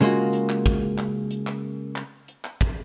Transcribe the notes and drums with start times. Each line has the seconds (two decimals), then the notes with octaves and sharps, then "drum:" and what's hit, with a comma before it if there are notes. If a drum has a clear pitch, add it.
0.01 C#3 G#3 A#3 F4 F#4
0.33 drum: hi-hat
0.49 drum: clap
0.66 drum: kick, hi-hat
0.98 drum: clap
1.31 drum: hi-hat
1.47 drum: clap
1.96 drum: clap
2.28 drum: hi-hat
2.45 drum: clap
2.61 drum: kick, hi-hat